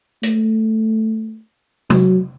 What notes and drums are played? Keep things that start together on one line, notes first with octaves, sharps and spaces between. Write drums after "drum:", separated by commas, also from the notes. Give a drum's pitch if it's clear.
A3, drum: hi-hat
F#3, drum: tom C3